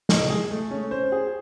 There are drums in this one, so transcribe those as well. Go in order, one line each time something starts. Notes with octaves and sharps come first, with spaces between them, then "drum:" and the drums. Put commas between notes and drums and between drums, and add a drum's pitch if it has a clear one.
D#5, drum: snare
G#4
A3
C#4
C5
G#4